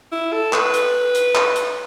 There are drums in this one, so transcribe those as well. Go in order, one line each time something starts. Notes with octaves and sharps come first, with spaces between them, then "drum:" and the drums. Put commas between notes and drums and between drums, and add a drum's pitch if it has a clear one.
E4
A4
B4, drum: clap
drum: hi-hat
drum: hi-hat
drum: clap
drum: hi-hat